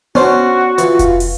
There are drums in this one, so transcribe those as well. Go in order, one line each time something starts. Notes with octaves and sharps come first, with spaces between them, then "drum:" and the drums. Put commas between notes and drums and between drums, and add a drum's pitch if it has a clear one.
B3 C#4 D4 F#4 C5
E3 F4, drum: hi-hat
drum: kick F1, hi-hat
drum: open hi-hat